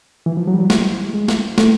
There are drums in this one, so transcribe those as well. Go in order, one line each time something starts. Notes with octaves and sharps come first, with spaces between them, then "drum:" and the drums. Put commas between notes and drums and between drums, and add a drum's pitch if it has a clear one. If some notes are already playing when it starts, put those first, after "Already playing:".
E3
F3
F#3
G3
F#3
G3, drum: snare
G#3
drum: snare
A3, drum: snare